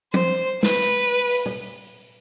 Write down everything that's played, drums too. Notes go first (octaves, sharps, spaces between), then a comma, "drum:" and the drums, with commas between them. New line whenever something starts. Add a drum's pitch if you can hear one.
C5, drum: tom F3
B4, drum: snare
drum: hi-hat
drum: open hi-hat
drum: tom A#2